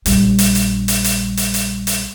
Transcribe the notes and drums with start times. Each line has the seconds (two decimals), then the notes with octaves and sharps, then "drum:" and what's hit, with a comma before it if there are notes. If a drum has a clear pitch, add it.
0.06 A#1 G3, drum: hi-hat
0.39 drum: hi-hat
0.55 drum: hi-hat
0.88 drum: hi-hat
1.04 drum: hi-hat
1.37 drum: hi-hat
1.54 drum: hi-hat
1.87 drum: hi-hat